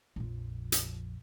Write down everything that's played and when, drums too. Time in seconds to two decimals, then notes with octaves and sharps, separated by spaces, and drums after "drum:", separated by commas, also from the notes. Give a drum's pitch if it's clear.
0.16 A#1 F2
0.72 drum: hi-hat